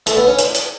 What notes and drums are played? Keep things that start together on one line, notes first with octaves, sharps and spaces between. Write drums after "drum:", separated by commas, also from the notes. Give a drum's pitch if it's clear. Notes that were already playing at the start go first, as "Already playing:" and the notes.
A3, drum: hi-hat
B3
C#4
drum: hi-hat
drum: hi-hat